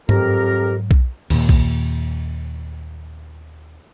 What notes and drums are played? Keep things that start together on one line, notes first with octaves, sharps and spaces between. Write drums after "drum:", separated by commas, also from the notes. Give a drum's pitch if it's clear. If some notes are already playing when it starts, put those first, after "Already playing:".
F2 G#2 F#3 C4 G4 A#4, drum: tom G2
drum: kick B1
D#2 A#2, drum: cymbal
drum: kick B1